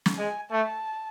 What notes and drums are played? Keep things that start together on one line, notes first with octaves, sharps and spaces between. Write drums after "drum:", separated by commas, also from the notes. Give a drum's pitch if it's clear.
drum: snare
G#3 G#5
A3 A5